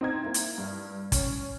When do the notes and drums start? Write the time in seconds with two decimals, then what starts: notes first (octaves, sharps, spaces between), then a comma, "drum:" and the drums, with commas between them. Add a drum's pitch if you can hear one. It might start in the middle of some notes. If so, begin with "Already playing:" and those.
0.01 C4 D#4 G#6
0.24 A#3 E4
0.34 drum: hi-hat
0.58 G2
1.12 C#4, drum: kick, hi-hat